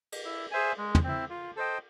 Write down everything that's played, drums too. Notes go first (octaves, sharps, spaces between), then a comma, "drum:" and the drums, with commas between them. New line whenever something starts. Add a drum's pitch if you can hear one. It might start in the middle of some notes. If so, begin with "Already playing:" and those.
drum: cymbal
E4
G#4 C5 E5 G#5
G#3
drum: tom
C4 E4
F4
A4 C5 D#5 G5